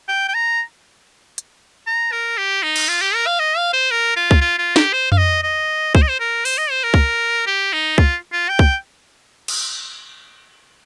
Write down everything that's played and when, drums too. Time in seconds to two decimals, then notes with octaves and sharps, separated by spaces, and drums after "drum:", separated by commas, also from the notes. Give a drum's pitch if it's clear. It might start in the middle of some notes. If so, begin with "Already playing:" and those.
0.08 G5
0.28 G5
0.34 A#5
1.38 drum: hi-hat
1.87 A#5
2.12 A#4
2.38 G4
2.63 D#4
2.76 drum: cymbal
2.89 F4
3.01 G4
3.14 A#4
3.27 F5
3.40 D#5
3.57 F5
3.73 C5
3.91 A#4
4.16 F4
4.31 drum: kick C2
4.41 F4
4.58 F4
4.76 G4, drum: snare
4.93 C5
5.12 F5, drum: tom F2
5.17 D#5
5.43 D#5
5.95 C5, drum: kick C2
6.02 D#5
6.08 C5
6.20 A#4
6.45 C5, drum: open hi-hat
6.58 D#5
6.71 C5
6.84 A#4
6.94 drum: kick C2
7.47 G4
7.73 D#4
7.98 F4, drum: kick C2
8.32 F4
8.49 G5
8.59 drum: kick C2
9.48 drum: cymbal